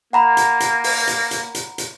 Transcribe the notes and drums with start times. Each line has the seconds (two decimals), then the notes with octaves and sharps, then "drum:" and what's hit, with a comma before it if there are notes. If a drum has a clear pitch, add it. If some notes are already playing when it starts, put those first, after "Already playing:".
0.13 A#3 F#5 A#5 B5
0.37 drum: hi-hat
0.60 drum: hi-hat
0.84 drum: open hi-hat
1.07 drum: hi-hat
1.31 drum: hi-hat
1.55 drum: hi-hat
1.78 drum: hi-hat